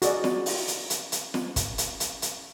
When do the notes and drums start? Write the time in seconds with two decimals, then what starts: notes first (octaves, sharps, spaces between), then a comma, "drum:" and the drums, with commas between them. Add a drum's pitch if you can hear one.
0.02 F#4 G#4 D5 D#5, drum: hi-hat
0.24 drum: snare
0.46 drum: open hi-hat
0.68 drum: hi-hat
0.90 drum: hi-hat
1.12 drum: hi-hat
1.34 drum: snare
1.56 drum: kick, hi-hat
1.78 drum: hi-hat
2.00 drum: hi-hat
2.22 drum: hi-hat